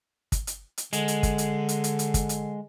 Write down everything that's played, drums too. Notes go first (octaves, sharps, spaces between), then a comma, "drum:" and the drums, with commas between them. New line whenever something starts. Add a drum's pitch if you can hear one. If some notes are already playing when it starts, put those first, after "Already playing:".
drum: kick, hi-hat
drum: hi-hat
drum: hi-hat
D3 G#3, drum: hi-hat
drum: hi-hat
drum: kick, hi-hat
drum: hi-hat
drum: hi-hat
drum: hi-hat
drum: hi-hat
drum: kick, hi-hat
drum: hi-hat